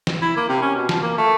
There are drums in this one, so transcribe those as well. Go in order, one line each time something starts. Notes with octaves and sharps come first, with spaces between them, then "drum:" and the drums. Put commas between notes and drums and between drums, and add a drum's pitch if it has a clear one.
drum: snare
E4
A#3
C3
C#4
B2
F3, drum: snare
A#3
A3